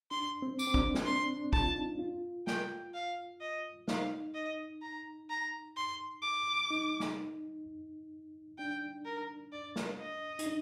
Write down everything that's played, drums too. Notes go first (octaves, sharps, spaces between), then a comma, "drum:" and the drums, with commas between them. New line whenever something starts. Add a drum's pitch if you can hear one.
D4 C6
C4
D6, drum: tambourine
C4
D4, drum: kick
drum: snare
D4 C6
D4
A5, drum: kick
F4
D#4
F4
G5, drum: snare
F5
D#5
D#4 F5, drum: snare
D#5
A#5
A#5
C6
D6
D#4
drum: snare
D4 G5
A#4
D5
drum: snare
D#5
D#4, drum: hi-hat
D4